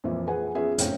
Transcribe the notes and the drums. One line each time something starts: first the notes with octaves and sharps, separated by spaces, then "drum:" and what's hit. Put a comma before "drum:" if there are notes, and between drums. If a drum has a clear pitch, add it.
F2 A#2 E3 F3
G#4 B4 F#5 G#5
B3 C#4 F4 G#4 B4 E5
F#1 F2 A2 C#5 F5 G5, drum: hi-hat